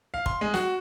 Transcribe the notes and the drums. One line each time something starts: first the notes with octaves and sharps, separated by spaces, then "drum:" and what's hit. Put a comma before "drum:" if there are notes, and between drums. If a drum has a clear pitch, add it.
F5
C6, drum: kick
G#3
F#4, drum: snare